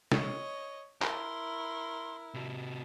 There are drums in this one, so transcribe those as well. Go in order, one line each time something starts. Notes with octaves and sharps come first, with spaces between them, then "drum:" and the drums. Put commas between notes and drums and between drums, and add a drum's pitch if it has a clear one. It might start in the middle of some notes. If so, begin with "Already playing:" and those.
C#5 D#5, drum: snare
E4 A#4 C6, drum: clap
C3 F#4